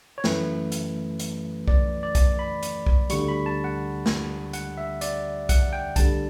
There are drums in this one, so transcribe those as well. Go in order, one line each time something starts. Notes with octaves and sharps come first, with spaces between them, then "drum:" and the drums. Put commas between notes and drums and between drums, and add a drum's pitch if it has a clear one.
C#5
F#2 E3 A3 B4, drum: snare
drum: hi-hat
drum: hi-hat
D5, drum: kick B1
D5
drum: kick B1, hi-hat
B5
drum: hi-hat
drum: kick B1
D2 D3 G3 C#6, drum: hi-hat
B5
A5
F#5
drum: snare
F#5, drum: hi-hat
E5
D5, drum: hi-hat
F#5, drum: kick B1, hi-hat
G5
D2 D3 G3 A5, drum: kick B1, hi-hat